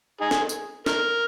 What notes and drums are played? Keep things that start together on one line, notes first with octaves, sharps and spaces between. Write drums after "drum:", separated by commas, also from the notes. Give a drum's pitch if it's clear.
D#4 G#4
drum: snare
drum: tambourine
A#4, drum: snare